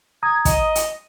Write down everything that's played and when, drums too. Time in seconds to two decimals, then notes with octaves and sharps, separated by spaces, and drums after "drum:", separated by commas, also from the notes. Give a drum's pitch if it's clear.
0.23 A#5 D#6 G#6
0.45 D#5, drum: kick, hi-hat
0.75 drum: hi-hat